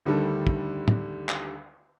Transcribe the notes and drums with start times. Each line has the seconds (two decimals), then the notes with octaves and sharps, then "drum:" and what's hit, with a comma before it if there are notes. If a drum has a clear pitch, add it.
0.05 D2 D3 D#3 G3 D4 A4
0.47 drum: kick
0.88 drum: tom
1.29 drum: clap